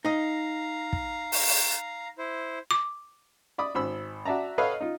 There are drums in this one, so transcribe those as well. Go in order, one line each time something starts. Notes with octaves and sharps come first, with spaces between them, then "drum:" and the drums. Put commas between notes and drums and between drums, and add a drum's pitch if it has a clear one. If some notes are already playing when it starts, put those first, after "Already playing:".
D#4 D#5 F5 A#5
drum: kick
drum: open hi-hat
drum: open hi-hat
E4 C5
D6
D5 B5 D6 D#6
G#1 C5 B5 E6
F#4 D5 E5 A5 A#5
A4 B4 C#5 D#5 F5 F#5
D#4 F4